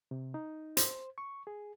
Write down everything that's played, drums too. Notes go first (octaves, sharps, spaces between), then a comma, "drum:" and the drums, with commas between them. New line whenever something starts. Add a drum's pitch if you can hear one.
C3
D#4
C5, drum: hi-hat
C#6
G#4